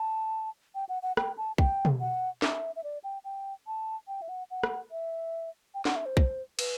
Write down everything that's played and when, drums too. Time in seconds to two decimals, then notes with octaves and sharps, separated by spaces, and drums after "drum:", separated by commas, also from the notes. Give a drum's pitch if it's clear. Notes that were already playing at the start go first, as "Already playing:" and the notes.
Already playing: A5
0.75 G5
0.89 F#5
1.03 F#5
1.17 G5, drum: rim click
1.38 A5
1.58 G5, drum: kick
1.85 drum: tom B2
2.00 F#5
2.42 E5, drum: snare
2.76 E5
2.84 D5
3.04 G5
3.24 G5
3.67 A5
4.08 G5
4.22 E5
4.29 F#5
4.51 F#5
4.63 drum: rim click
4.91 E5
5.74 G5
5.85 F#5, drum: snare
5.96 E5
6.06 C5
6.17 drum: kick
6.59 B4, drum: cymbal